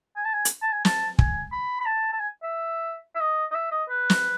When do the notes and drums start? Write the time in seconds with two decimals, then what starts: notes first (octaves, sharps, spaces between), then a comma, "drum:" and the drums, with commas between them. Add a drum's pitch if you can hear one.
0.16 G#5
0.25 A5
0.33 G#5
0.45 drum: hi-hat
0.62 A5
0.72 G#5
0.85 A5, drum: snare
1.19 G#5, drum: kick
1.52 B5
1.80 B5
1.86 A5
2.13 A5
2.20 G#5
2.43 E5
3.15 E5
3.21 D#5
3.51 D#5
3.55 E5
3.72 D#5
3.90 B4
4.10 drum: snare